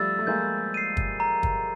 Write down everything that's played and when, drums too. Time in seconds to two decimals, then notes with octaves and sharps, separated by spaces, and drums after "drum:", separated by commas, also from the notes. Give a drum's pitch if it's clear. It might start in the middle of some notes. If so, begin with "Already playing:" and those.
Already playing: F3 G3 A3 E6 A6
0.19 A3
0.27 G#3 A#3 G6
0.74 C7 D#7
0.97 drum: kick
1.20 A#5
1.43 drum: kick